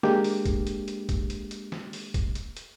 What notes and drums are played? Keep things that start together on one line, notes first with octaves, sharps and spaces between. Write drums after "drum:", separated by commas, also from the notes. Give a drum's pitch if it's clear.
G#3 A#3 D4 G4, drum: snare
drum: open hi-hat
drum: kick, hi-hat
drum: hi-hat
drum: hi-hat
drum: kick, hi-hat
drum: hi-hat
drum: hi-hat
drum: snare
drum: open hi-hat
drum: kick, hi-hat
drum: hi-hat
drum: hi-hat